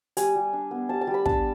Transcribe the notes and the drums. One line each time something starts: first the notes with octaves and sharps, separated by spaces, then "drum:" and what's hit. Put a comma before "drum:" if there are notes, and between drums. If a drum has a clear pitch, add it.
G3 G#5, drum: hi-hat
G3
D4
B3
G3 A5
A5
G3
B5
D4 A5, drum: kick